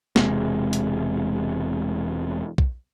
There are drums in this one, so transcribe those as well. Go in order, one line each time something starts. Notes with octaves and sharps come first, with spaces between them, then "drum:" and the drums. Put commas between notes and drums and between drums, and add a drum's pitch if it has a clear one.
E1 C3 G#3, drum: snare
drum: hi-hat
drum: kick